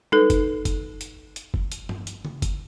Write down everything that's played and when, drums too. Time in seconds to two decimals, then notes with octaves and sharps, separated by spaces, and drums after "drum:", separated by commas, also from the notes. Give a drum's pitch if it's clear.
0.12 D#4 A4 B4, drum: tom G3
0.30 drum: kick F#1, hi-hat
0.65 drum: kick F#1, hi-hat
1.01 drum: hi-hat
1.36 drum: hi-hat
1.54 drum: kick F#1
1.72 drum: hi-hat
1.89 drum: tom G2
2.07 drum: hi-hat
2.25 drum: tom C#3
2.42 drum: kick F#1, hi-hat